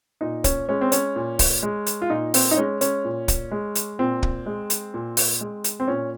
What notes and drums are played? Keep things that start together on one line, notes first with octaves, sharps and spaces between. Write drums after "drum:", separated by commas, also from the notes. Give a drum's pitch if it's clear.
A#2 D#4
C#4, drum: kick, hi-hat
G#3 C#4
C4
C#4, drum: hi-hat
A#2
drum: kick, open hi-hat
G#3
drum: hi-hat
F4
A#2 D#4
C4, drum: open hi-hat
D#4
G#3 C#4
C#4, drum: hi-hat
A#2
drum: kick, hi-hat
G#3
drum: hi-hat
A#2 C4
drum: kick
G#3
drum: hi-hat
A#2
drum: open hi-hat
G#3
drum: hi-hat
C4
A#2 C#4